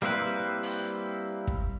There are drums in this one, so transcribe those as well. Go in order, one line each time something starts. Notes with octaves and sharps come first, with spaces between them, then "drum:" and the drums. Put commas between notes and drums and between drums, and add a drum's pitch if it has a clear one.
G3 A#3 C4 E4 B4
drum: open hi-hat
drum: kick